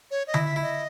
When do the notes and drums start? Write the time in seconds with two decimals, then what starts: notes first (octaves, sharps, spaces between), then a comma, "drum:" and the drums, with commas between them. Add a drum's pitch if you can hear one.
0.11 C#5
0.27 D#5
0.34 E4, drum: tom D3
0.45 E5
0.56 E4
0.62 D#5